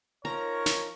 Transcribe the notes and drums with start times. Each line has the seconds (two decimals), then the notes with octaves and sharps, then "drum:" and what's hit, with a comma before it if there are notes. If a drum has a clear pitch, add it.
0.25 F3 D#4 A#4 C#5 A#5
0.66 drum: snare